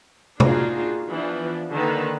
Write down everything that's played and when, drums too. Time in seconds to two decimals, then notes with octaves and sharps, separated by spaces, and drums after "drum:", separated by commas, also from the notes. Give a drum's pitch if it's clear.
0.40 A#3 D4 D#4 F4 F#4 G#4, drum: tom
1.09 E3 F3 B3 D4
1.74 D3 D#3 A#3 B4